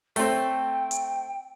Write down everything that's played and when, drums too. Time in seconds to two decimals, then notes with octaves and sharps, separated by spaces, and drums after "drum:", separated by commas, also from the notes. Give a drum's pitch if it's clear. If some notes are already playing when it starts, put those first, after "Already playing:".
0.16 A3 C4 G5, drum: open hi-hat
0.91 drum: hi-hat